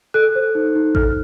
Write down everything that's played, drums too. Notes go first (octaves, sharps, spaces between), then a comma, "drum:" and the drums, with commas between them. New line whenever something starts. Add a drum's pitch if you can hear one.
A4 F#6
C5
D#4
D#4
A4 F6, drum: kick A1